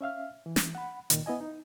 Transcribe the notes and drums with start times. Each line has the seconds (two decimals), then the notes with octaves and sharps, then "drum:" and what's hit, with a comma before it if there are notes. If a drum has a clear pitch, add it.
0.01 C#4 E5 F5 F6
0.46 E3
0.56 drum: snare
0.75 F#5 B5
1.10 C2 A#2 D#3, drum: hi-hat
1.26 B3 E4 D#5 G#5
1.41 D#4